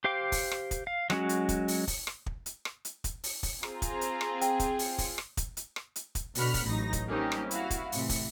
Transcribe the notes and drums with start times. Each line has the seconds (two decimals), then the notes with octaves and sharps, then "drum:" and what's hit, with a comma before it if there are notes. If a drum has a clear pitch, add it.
0.04 G4 C5 F5 G5 D6
0.32 drum: kick, open hi-hat
0.51 drum: rim click
0.71 drum: kick, hi-hat
0.87 F5
1.10 F#3 G#3 C#4 F#4, drum: rim click
1.29 drum: hi-hat
1.49 drum: kick, hi-hat
1.68 drum: open hi-hat
1.87 drum: kick, open hi-hat
2.07 drum: rim click
2.26 drum: kick
2.46 drum: hi-hat
2.65 drum: rim click
2.85 drum: hi-hat
3.04 drum: kick, hi-hat
3.24 drum: open hi-hat
3.43 drum: kick, open hi-hat
3.63 C4 F4 G#4 C5 A#5, drum: rim click
3.82 drum: kick, hi-hat
4.01 drum: hi-hat
4.21 drum: rim click
4.41 G5, drum: hi-hat
4.60 drum: kick, hi-hat
4.79 drum: open hi-hat
4.98 drum: kick, open hi-hat
5.18 drum: rim click
5.37 drum: kick, hi-hat
5.57 drum: hi-hat
5.76 drum: rim click
5.96 drum: hi-hat
6.15 drum: kick, hi-hat
6.35 B2 D3 F#4 B5 F6, drum: open hi-hat
6.54 drum: kick, open hi-hat
6.64 A1 F#3 D#4 A#6
6.93 drum: kick, hi-hat
7.08 G3 A#3 C4 C#4 D#4 G4
7.32 drum: rim click
7.51 E4 F#4 F5, drum: hi-hat
7.70 drum: kick, hi-hat
7.92 A2 C3 E3, drum: open hi-hat
8.09 drum: kick, open hi-hat